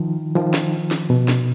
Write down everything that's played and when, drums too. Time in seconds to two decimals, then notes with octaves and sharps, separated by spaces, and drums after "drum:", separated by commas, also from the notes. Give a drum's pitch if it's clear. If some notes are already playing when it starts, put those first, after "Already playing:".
Already playing: D#3 F3
0.35 D#3 F3, drum: tambourine
0.54 drum: snare
0.72 drum: tambourine
0.91 drum: snare
1.10 B2, drum: tambourine
1.28 drum: snare